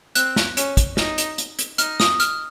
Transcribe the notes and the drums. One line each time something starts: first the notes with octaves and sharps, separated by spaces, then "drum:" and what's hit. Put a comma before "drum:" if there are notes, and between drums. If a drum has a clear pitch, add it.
C4 F#6, drum: hi-hat
drum: snare
C#4, drum: hi-hat
drum: kick, hi-hat
D#4, drum: snare
drum: hi-hat
drum: hi-hat
drum: hi-hat
D#4 F6, drum: hi-hat
D#6, drum: snare
F6, drum: hi-hat